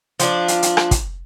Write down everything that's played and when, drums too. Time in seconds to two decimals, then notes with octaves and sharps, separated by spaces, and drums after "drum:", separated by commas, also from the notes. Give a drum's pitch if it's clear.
0.20 F3 D4, drum: hi-hat
0.48 drum: hi-hat
0.63 drum: hi-hat
0.77 drum: rim click
0.91 drum: kick, hi-hat